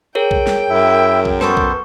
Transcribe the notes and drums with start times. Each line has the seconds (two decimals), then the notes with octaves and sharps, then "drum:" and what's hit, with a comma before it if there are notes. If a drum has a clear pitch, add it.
0.15 G#4 A#4 C#5 G5
0.31 drum: kick
0.47 drum: snare
0.70 F#2 E4 E5
1.25 drum: kick
1.41 B3 A4 B4 C5 C#6, drum: snare
1.57 drum: kick